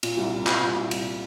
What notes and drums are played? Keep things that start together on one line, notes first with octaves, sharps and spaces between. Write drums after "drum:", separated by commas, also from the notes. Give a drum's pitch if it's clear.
A#2, drum: cymbal
C2
A#2
C2, drum: clap
A#2
C2
C2, drum: cymbal